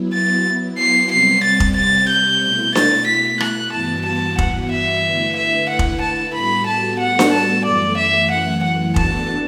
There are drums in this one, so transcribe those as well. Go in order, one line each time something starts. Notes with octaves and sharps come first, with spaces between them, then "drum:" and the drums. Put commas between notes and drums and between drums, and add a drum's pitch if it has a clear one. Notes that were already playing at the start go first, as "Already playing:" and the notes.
Already playing: F#3 B3 E4
A6
C7
C3 G3 C4 C7
A6
drum: kick F1
A6
G6
B2 A3 E4
A6, drum: snare D4
B6
F#6, drum: rim click
G2 E3 G3 B3 F#4 A5
A5
F#5, drum: kick F1
E5
D3 A3 E4 B4
E5
F#5
drum: kick F1
A5
A2 G3 B3 F#4 A4 B5
A5
F#5
drum: snare D4
A5
F#2 E3 A3 D5
E5
F#5
F#5
E3 B3 D4 F#4 A4 A5, drum: kick F1